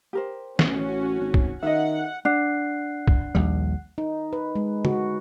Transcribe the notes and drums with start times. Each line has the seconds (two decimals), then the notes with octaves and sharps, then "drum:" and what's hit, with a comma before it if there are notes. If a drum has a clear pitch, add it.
0.13 G4 A#4 C5
0.59 A1 C#4 F#4, drum: snare
1.20 G#1
1.34 drum: kick
1.63 D#3 D#5 E5 F#5
2.25 D4 F#5 F#6 C7
3.08 drum: kick
3.35 A#1 D#2 G3
3.98 D#4
4.33 B4
4.55 G#3
4.85 F#4, drum: tom